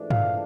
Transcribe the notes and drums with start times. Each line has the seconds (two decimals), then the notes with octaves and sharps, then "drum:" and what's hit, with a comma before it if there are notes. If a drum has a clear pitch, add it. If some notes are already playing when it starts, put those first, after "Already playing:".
Already playing: G#2 E3 A3 D4 F4
0.10 F5, drum: tom G2